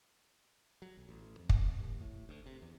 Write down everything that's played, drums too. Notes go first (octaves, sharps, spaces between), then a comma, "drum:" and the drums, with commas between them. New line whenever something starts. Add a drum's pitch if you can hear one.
F#3
B1
A1
F2
drum: kick
D#2
A2
D2
C3
E2